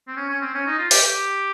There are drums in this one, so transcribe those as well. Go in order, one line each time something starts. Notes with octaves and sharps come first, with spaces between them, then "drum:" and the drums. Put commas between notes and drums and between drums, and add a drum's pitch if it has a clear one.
C4
C#4
C#4
C4
C#4
D#4
F4
G4, drum: open hi-hat
G4